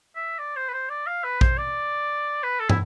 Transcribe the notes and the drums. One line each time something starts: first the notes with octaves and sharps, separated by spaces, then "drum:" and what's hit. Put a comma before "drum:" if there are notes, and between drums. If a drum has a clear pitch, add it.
E5
D5
C5
B4
C5
D5
F5
B4
C5, drum: kick A#1
D5
B4
A4
E4, drum: tom